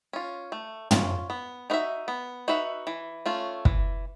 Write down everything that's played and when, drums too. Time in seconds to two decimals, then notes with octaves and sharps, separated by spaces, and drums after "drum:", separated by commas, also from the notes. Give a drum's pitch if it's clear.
0.13 C#4 F4
0.52 A3
0.91 C#4 F4, drum: tom
1.30 B3
1.70 D#4 F#4 B4 E5
2.08 B3
2.48 D#4 F#4 B4 E5
2.87 E3
3.26 A3 C#4 F4
3.65 E3, drum: kick